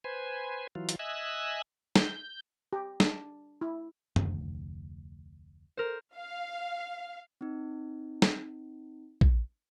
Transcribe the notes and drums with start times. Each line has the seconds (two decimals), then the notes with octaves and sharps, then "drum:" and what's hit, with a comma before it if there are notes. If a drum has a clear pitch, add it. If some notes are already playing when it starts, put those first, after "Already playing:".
0.04 B4 C5 G#5
0.75 E3 F#3 F4
0.89 drum: hi-hat
0.99 D#5 E5 G#5 E6 F#6
1.96 G6, drum: snare
2.73 G4
3.00 D4, drum: snare
3.61 E4
4.16 F1 D2, drum: tom F#2
5.77 A#4 C5
6.15 F5
7.41 C4 D#4
8.22 drum: snare
9.21 drum: kick